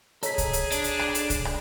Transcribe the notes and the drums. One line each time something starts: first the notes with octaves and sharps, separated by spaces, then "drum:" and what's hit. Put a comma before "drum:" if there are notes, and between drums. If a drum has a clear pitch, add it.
G#4 A4 C#5 D#5 A#5 B6, drum: hi-hat
drum: kick C2, hi-hat
drum: hi-hat
D4, drum: hi-hat
drum: hi-hat
drum: rim click
drum: hi-hat
drum: kick C2, hi-hat
drum: rim click